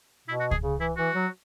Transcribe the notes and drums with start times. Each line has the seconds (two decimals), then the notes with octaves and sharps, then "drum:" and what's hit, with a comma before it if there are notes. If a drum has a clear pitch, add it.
0.28 B2 E4
0.40 F#4
0.51 G#4, drum: kick C#2
0.63 C#3
0.80 E3 E4
0.97 E3 F#4
1.15 F#3